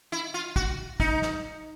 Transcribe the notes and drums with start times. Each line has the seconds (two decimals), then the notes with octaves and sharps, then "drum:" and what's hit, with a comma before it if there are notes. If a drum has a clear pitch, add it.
0.12 E4
0.34 F4
0.56 F#4, drum: kick
1.00 D#4, drum: kick
1.22 drum: snare